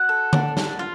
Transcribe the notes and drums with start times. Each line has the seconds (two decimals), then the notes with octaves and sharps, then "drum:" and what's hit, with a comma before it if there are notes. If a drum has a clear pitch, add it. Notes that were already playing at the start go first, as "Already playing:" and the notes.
Already playing: F#4 F#5
0.09 A4
0.33 D4, drum: tom D3
0.57 D4, drum: snare
0.79 F4